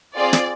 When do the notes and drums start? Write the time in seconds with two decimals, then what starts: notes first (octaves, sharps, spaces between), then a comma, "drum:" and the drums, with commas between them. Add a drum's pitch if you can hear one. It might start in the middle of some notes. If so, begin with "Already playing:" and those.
0.16 C4 F4 G#4 D5
0.33 drum: snare